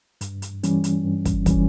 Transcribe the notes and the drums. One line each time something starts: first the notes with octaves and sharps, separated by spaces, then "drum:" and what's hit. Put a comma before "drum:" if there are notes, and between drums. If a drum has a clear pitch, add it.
G2, drum: hi-hat
drum: hi-hat
E3 G3 C#4, drum: hi-hat
drum: hi-hat
G2
drum: kick, hi-hat
E3 G3 C#4, drum: kick, hi-hat